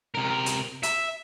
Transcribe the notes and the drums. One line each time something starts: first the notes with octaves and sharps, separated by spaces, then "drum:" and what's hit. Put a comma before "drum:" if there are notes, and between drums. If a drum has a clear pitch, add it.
C3 A#4
drum: hi-hat
E5, drum: hi-hat